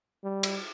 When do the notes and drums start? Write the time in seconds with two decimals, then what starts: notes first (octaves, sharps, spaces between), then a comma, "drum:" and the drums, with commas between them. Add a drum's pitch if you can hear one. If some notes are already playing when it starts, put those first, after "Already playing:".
0.24 G3
0.43 drum: cymbal